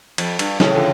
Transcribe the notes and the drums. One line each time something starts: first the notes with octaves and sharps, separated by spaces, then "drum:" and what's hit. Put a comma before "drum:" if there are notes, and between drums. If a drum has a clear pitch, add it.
F2, drum: cymbal
G2, drum: cymbal
A2 C#3 E3, drum: snare
D3 F3